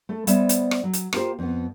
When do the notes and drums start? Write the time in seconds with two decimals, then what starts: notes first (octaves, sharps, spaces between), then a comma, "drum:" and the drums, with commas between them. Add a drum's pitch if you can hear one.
0.09 A3 A4
0.27 G3 B3 C5 C#5 E5, drum: hi-hat
0.49 drum: hi-hat
0.71 drum: rim click
0.84 F#3
0.93 drum: hi-hat
1.13 A#3 F4 G4 C5, drum: rim click
1.39 F2 B3